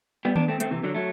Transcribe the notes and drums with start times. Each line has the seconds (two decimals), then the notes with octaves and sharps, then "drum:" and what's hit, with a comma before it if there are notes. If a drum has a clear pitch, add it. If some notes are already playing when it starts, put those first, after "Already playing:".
0.25 G3 B3
0.36 B3 D4, drum: tom D#3
0.48 A3 C4
0.60 A3 C4, drum: hi-hat
0.71 C3 E3
0.83 D3 F#3
0.95 F#3 A3